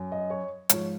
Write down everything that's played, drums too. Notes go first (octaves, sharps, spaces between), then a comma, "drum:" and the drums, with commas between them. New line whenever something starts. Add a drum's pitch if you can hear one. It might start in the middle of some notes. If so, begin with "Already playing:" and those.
Already playing: F#2 F#3
D#5
C#5
G#2 F3 C#5, drum: hi-hat